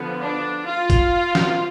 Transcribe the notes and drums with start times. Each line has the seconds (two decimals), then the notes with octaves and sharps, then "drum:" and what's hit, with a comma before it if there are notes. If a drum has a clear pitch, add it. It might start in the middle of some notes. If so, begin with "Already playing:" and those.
Already playing: D3 F3 B3
0.21 D4
0.68 F4
0.90 drum: kick G1, hi-hat
1.35 drum: snare